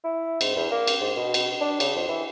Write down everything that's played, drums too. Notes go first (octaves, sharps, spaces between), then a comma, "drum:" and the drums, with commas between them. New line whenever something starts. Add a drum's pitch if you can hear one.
E4
G#2, drum: cymbal
E2
A#3
drum: cymbal
G#2
B2
drum: cymbal
D4
C#3, drum: cymbal
F2
E3